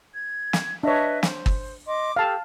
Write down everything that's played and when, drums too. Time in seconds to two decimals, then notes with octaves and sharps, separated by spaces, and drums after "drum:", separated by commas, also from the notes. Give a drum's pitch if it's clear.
0.14 G#6
0.53 drum: snare
0.83 D4 B4 C#5 D#5 E5
1.23 C5, drum: snare
1.46 drum: kick G1
1.87 D#5 C6 D6
2.16 G4 A4 F5 A5